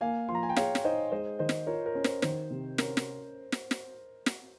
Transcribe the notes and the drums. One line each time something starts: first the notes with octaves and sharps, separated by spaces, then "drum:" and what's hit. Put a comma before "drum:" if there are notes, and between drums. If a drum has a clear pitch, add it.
A#3 F5 G#5
F3 C6
A#5
G#5
G5
G#4 C#5 F5, drum: snare
drum: snare
D#4 C5 D#5
G#3 C5 D#5
D#3 C5 D#5
drum: snare
F4 A#4 C#5
A#4
C#4
C5, drum: snare
D#3 C5, drum: snare
C3
C#4 A#4, drum: snare
drum: snare
drum: snare
drum: snare
drum: snare